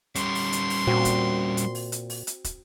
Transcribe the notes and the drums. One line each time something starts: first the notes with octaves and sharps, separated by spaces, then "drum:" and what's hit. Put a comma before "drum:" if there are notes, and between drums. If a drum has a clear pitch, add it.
G3 C#4 C6, drum: hi-hat
drum: open hi-hat
drum: hi-hat
drum: open hi-hat
A#2 C4 F#4
drum: kick, hi-hat
drum: hi-hat
drum: open hi-hat
drum: hi-hat
drum: open hi-hat
drum: hi-hat
drum: kick, hi-hat